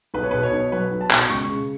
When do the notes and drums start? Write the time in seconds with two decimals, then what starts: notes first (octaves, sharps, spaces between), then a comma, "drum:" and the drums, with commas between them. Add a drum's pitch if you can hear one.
0.14 B1 B4
0.23 C#5
0.31 B2 B4
0.43 C#5
0.52 B1
0.72 F#3 B4
0.91 B1
1.01 A5
1.11 B2, drum: clap
1.30 C#2 C#6
1.48 C#3